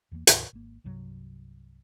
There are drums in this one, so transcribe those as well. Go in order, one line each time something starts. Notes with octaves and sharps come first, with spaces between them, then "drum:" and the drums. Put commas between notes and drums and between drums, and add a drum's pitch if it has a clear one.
E2 E3 F#3 A#3
D2 G#2 C3 D#3, drum: hi-hat
G#1 A#3
C2 G2 C3 F#3